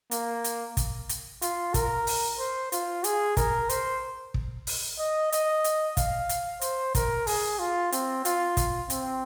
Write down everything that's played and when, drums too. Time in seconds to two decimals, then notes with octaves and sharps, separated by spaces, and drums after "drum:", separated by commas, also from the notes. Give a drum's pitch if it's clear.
0.11 A#3, drum: hi-hat
0.44 drum: hi-hat
0.77 drum: kick, hi-hat
1.09 drum: hi-hat
1.42 F4, drum: hi-hat
1.74 A#4, drum: kick, hi-hat
2.07 drum: open hi-hat
2.39 C5
2.72 F4, drum: hi-hat
3.04 G#4, drum: hi-hat
3.37 A#4, drum: kick, hi-hat
3.69 C5, drum: hi-hat
4.34 drum: kick
4.67 drum: open hi-hat
4.99 D#5
5.32 D#5, drum: hi-hat
5.64 drum: hi-hat
5.97 F5, drum: kick, hi-hat
6.29 drum: hi-hat
6.61 C5, drum: hi-hat
6.95 A#4, drum: kick, hi-hat
7.27 G#4, drum: open hi-hat
7.59 F4
7.92 C4, drum: hi-hat
8.25 F4, drum: hi-hat
8.57 drum: kick, hi-hat
8.90 C4, drum: hi-hat